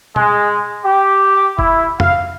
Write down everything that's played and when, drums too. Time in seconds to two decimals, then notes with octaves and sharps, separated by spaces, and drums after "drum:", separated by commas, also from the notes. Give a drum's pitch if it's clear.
0.16 G#3, drum: tom
0.85 G4
1.59 E4, drum: kick
2.00 F5, drum: tom F2